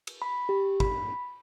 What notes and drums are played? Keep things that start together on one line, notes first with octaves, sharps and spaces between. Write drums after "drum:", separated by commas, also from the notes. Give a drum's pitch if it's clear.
drum: cymbal
B5
G4
B5, drum: kick